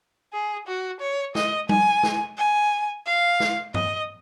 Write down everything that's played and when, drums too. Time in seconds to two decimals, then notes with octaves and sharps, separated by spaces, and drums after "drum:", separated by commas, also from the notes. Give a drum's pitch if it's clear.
0.33 G#4
0.67 F#4
1.00 C#5
1.35 D#5, drum: snare
1.69 G#5, drum: tom G3
2.03 drum: snare
2.37 G#5
3.06 F5
3.40 drum: snare
3.74 D#5, drum: tom G2